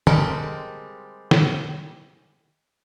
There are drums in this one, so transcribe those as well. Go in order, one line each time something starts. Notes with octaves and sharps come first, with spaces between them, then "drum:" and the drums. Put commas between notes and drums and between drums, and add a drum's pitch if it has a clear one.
G3 G#3 C4 A4 A#4, drum: tom
drum: snare